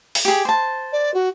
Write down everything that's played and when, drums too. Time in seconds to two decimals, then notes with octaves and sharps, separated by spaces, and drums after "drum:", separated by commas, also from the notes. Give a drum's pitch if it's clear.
0.15 drum: open hi-hat
0.25 G4 G#4
0.45 C5 A5
0.92 D5
1.14 F#4